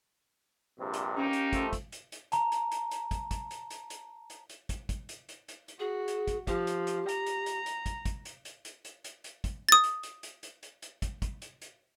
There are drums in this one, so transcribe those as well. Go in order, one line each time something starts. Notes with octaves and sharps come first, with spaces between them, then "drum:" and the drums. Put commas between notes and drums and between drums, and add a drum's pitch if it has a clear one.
A#1 G2 C3
drum: hi-hat
A#3 C#4 D#4 G4
drum: hi-hat
F3 A3, drum: kick, hi-hat
drum: kick, hi-hat
drum: hi-hat
drum: hi-hat
A5 A#5, drum: hi-hat
drum: hi-hat
drum: hi-hat
drum: hi-hat
drum: kick, hi-hat
drum: kick, hi-hat
drum: hi-hat
drum: hi-hat
drum: hi-hat
drum: hi-hat
drum: hi-hat
drum: kick, hi-hat
drum: kick, hi-hat
drum: hi-hat
drum: hi-hat
drum: hi-hat
drum: hi-hat
F#4 G#4
drum: hi-hat
drum: kick, hi-hat
F3 G4, drum: kick, hi-hat
drum: hi-hat
drum: hi-hat
A#5, drum: hi-hat
drum: hi-hat
drum: hi-hat
drum: hi-hat
drum: kick, hi-hat
drum: kick, hi-hat
drum: hi-hat
drum: hi-hat
drum: hi-hat
drum: hi-hat
drum: hi-hat
drum: hi-hat
drum: kick, hi-hat
D#6 A6
drum: hi-hat
drum: hi-hat
drum: hi-hat
drum: hi-hat
drum: hi-hat
drum: hi-hat
drum: kick, hi-hat
drum: kick, hi-hat
drum: hi-hat
drum: hi-hat